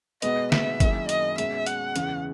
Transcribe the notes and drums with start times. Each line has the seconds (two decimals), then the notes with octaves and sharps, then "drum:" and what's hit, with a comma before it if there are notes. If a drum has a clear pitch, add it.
0.22 B2 G#3 B3 D#5, drum: hi-hat
0.52 E5, drum: snare
0.80 F#2 D#3 A#3 E4 G#4, drum: kick G1, hi-hat
1.09 D#5, drum: hi-hat
1.38 B2 G#3 C#4 E5, drum: hi-hat
1.66 F#5, drum: hi-hat
1.96 E2 C#3 E3, drum: hi-hat